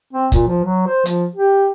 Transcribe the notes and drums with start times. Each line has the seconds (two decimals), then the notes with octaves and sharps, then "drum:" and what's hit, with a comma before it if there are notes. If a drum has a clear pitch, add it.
0.13 C4
0.32 A#2, drum: kick, hi-hat
0.47 F3
0.64 F#3
0.87 C5
1.06 F3, drum: hi-hat
1.36 G4